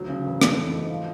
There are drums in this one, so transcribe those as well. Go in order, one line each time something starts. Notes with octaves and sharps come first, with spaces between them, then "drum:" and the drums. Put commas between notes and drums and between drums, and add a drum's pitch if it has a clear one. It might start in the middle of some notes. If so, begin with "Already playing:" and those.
Already playing: D2 F#3
C#3
E2
A3, drum: rim click
E3
G#2
F3